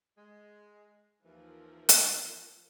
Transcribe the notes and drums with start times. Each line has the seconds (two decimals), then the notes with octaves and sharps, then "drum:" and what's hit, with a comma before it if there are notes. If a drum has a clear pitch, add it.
0.18 G#3
1.24 D#2 E3 F3 A#4
1.89 drum: hi-hat